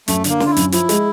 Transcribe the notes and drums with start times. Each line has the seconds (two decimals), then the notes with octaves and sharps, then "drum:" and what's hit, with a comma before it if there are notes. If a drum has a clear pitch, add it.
0.08 F#2 A3, drum: hi-hat
0.24 D3, drum: hi-hat
0.30 A#3
0.40 D3, drum: snare
0.46 F4
0.51 E4
0.57 F#2, drum: hi-hat
0.72 F3 E4, drum: hi-hat
0.89 G#3, drum: hi-hat